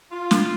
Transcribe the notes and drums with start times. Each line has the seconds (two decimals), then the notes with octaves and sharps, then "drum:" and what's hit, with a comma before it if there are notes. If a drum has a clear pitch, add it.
0.12 F4
0.31 drum: snare